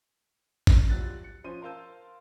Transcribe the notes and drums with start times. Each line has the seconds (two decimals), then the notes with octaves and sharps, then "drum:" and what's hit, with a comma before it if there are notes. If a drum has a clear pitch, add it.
0.67 drum: kick
0.90 G2 C3 F3 F#3 F#6 A6
1.24 C#7
1.44 F3 C#4 C5 D#7
1.62 A#4 C5 F5 A5 E6 G6